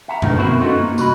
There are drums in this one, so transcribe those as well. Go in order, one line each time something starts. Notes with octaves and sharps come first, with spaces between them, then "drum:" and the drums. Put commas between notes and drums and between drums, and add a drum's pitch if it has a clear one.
E5 F#5 A5 A#5
B2 F3 A3 D#4, drum: tom F#2
B3 C4 E4 F#4 A#4 C5
B3 C#4 D#4 F4 F#4 A4
A#3
C2 F#4 D#5 B5, drum: tambourine